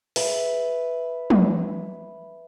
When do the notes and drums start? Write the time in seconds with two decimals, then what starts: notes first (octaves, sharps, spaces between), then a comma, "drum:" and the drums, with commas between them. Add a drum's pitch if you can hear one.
0.16 B4 E5, drum: open hi-hat
1.30 drum: tom